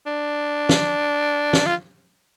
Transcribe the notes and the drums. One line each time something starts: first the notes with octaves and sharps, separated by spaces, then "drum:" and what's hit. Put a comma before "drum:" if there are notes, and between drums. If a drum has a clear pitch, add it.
D4
drum: snare
drum: snare
F4